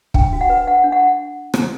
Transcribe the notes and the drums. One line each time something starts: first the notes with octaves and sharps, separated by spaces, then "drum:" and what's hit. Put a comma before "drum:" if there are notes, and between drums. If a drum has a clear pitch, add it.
D4 G5, drum: kick
F#4
F#5
B4
D4 F#5
D4
F#5
drum: rim click